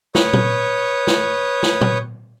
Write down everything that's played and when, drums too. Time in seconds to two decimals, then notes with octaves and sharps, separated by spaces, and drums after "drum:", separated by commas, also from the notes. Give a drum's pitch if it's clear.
0.15 B4 C#5 C#6 D#6 G6, drum: snare
0.33 drum: tom A#2
1.07 drum: snare
1.63 drum: snare
1.81 drum: tom A#2